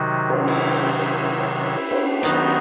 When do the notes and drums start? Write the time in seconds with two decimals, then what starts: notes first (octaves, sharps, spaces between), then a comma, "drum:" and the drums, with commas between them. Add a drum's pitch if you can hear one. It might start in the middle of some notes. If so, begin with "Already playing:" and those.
Already playing: C3 D#3 F#3 D#4 F#4
0.30 drum: cymbal
0.48 E4, drum: open hi-hat
1.06 E4
1.64 E4
1.91 drum: cymbal
2.23 D#3 F#3 B3 D#4 F#4, drum: hi-hat